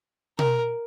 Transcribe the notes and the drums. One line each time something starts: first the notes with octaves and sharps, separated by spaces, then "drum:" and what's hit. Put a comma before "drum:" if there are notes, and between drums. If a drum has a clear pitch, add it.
A#4, drum: tom B2